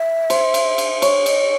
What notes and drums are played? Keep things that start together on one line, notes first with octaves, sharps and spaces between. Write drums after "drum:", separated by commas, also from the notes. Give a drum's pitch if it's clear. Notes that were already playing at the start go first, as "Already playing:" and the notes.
Already playing: E5
C5, drum: cymbal
drum: cymbal
drum: cymbal
C#5, drum: cymbal
D#5, drum: cymbal